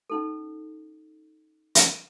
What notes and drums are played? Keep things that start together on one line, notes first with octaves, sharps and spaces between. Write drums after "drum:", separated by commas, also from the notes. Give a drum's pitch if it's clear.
C#4 D#4 A4
drum: hi-hat